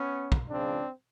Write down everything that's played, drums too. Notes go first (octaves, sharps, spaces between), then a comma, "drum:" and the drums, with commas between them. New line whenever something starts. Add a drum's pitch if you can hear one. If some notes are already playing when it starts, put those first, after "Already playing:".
Already playing: B3 C#4
drum: kick
C#2 C#3 F3 C4 D4